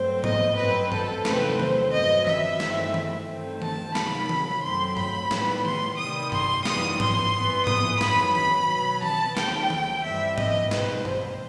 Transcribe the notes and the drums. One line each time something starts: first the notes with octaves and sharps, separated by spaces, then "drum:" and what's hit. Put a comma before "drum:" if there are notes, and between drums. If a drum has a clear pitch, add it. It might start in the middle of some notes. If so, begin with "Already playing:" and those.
Already playing: G2 F#3 A3 C4 C5
D#5, drum: tom G#2
G2 F#3 C4 B4
A4, drum: tom
E2 C3 F#3 A3 C4 B4, drum: snare
C5, drum: tom D#3
G2 F#3 B3 D#5
E5, drum: tom D#3
G2 E3 A3 C4, drum: snare
drum: tom D#3
G2 D#3 A3 C4
A5, drum: tom D#3
C3 D#3 F#3 B5, drum: snare
drum: tom D#3
F#2 F#3 A3 C4 C6
B5, drum: tom
A2 G3 B3, drum: snare
C6, drum: tom D#3
C3 D#3 G3 D#6
C6, drum: tom
F#2 E3 G3 B3 D#6, drum: snare
C6, drum: tom G#2
G2 E3 B3
D#6, drum: tom G#2
F#2 D#3 F#3 B3 B5, drum: snare
B5, drum: tom D#3
B2 F#3 B3
A5, drum: tom D#3
D#2 D#3 A3 C4 G5, drum: snare
drum: tom D#3
G2 E3 G3 C4 E5
D#5, drum: tom G#2
B2 G3 C4 B4, drum: snare
C5, drum: tom